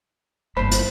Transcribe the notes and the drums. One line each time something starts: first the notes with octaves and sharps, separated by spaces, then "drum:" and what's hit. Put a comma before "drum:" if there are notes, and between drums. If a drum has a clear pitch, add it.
G1 A#3 C5 A5 B5
drum: hi-hat